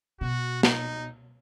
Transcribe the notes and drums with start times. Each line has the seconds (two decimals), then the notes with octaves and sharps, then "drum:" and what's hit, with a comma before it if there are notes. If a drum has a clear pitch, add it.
0.21 B2 F#4
0.63 D#4, drum: snare